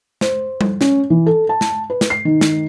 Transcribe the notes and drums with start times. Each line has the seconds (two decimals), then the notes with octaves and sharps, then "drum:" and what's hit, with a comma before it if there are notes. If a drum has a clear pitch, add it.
0.21 C5, drum: snare
0.61 drum: tom G3
0.81 C#4, drum: snare
1.10 E3
1.26 A4
1.49 A5
1.61 drum: snare
1.90 B4
2.01 drum: snare
2.10 C7
2.25 D#3
2.41 drum: snare